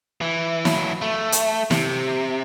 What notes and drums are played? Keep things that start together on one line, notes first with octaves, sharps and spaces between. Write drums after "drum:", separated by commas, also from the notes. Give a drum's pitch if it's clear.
E3
F#3 E4, drum: snare
A3
drum: hi-hat
C3, drum: snare